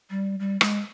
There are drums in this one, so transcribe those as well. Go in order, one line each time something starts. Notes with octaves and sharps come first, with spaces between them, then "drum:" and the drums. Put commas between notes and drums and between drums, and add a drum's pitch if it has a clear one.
G3
G3
G#3, drum: rim click